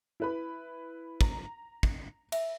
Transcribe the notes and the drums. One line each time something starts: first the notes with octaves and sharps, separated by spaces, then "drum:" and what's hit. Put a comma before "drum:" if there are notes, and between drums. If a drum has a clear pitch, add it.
E4 B4 B5
A#5, drum: kick
drum: kick
E5, drum: cymbal